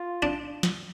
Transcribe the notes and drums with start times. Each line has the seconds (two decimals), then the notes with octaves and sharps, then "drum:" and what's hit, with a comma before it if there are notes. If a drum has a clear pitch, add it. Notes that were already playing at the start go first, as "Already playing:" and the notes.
Already playing: F4
0.22 D4
0.63 drum: snare